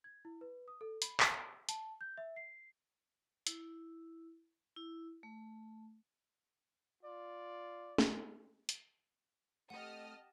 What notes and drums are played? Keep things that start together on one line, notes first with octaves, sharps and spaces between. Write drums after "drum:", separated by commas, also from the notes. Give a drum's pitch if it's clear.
G#6
E4
B4
D#6
A4
B5, drum: hi-hat
G#5, drum: clap
A5, drum: hi-hat
G6
E5
C7
E4, drum: hi-hat
E4
A3
F4 D5
drum: snare
drum: hi-hat
A3 C4 G4 D#5 F#5 A5 D#6 F6